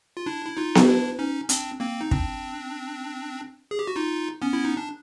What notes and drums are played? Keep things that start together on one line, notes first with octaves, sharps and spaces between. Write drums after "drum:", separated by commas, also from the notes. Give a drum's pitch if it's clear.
F4
D4 E4
E4
D#4 F4
drum: snare B3
D4 E4
C#4 D#4
C4 D4, drum: hi-hat
A#3 C4
D#4
C4 D4, drum: kick
G#4
G4
F#4
D#4 F4
B3 C#4
E4
D#4
D4